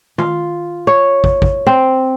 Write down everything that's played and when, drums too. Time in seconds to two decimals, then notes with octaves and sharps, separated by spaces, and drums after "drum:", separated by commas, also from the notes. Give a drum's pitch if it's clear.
0.18 F4, drum: tom D#3
0.87 C#5
1.24 drum: kick
1.42 drum: kick
1.67 C4